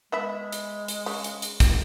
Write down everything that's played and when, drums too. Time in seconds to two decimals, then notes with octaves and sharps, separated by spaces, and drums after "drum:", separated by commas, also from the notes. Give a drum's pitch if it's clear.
0.12 G#3 B3 E5 B5
0.52 drum: hi-hat
0.88 drum: hi-hat
1.06 C#3, drum: open hi-hat
1.24 drum: hi-hat
1.42 drum: hi-hat
1.60 drum: kick, hi-hat